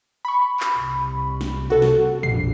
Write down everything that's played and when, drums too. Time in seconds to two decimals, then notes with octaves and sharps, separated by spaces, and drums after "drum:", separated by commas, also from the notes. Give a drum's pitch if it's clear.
0.25 B5 C#6
0.60 drum: clap
0.78 C2
1.41 drum: snare
1.70 C3 F#4 A4
1.82 drum: snare
2.23 A#1 F2 C7, drum: tom A#2